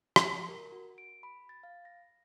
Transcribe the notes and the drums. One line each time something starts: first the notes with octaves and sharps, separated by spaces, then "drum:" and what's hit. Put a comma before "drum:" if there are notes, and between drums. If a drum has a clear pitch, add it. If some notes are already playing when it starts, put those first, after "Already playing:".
G4, drum: rim click
A#4
F#4
D7
B5
A6
F5
A#6